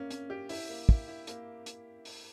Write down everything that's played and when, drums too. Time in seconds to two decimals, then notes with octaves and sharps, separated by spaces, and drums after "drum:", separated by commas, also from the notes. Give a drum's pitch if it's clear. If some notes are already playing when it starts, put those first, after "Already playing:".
Already playing: A#3 C#4
0.11 C#4, drum: hi-hat
0.30 G4
0.49 E4, drum: open hi-hat
0.69 A#3
0.89 E4, drum: kick
1.08 E4
1.27 A#3, drum: hi-hat
1.66 drum: hi-hat
2.05 drum: open hi-hat